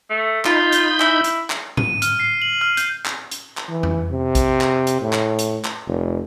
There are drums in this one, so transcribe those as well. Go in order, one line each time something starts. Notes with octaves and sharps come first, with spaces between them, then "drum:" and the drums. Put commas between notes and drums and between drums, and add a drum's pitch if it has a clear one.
A3
D#4 F4 B5 G6, drum: clap
drum: hi-hat
E4, drum: clap
drum: hi-hat
drum: clap
D#7, drum: tom G#2
F6, drum: hi-hat
C7
F#7
F6
G6, drum: hi-hat
drum: clap
drum: hi-hat
drum: clap
E3
drum: tom F2
C3
drum: kick, hi-hat
drum: clap
drum: hi-hat
A2
drum: clap
drum: hi-hat
drum: clap
F1